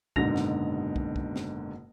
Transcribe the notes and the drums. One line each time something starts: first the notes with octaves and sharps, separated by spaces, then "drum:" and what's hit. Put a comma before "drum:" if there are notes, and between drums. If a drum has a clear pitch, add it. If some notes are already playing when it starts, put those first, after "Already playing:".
F#1 G#2 B2 D3 A#6 F7, drum: kick
drum: snare
drum: kick
drum: kick
drum: snare